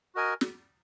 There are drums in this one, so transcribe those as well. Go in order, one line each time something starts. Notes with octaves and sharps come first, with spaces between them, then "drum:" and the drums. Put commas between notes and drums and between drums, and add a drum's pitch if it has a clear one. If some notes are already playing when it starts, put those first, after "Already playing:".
F#4 A#4 D#5 G#5
drum: snare